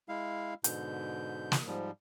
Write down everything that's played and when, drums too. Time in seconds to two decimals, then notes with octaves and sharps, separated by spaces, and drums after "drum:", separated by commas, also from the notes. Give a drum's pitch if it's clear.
0.09 G#3 E4 F5
0.64 G#2 B2 D3 G6, drum: hi-hat
1.52 drum: snare
1.66 G#2 F3 G3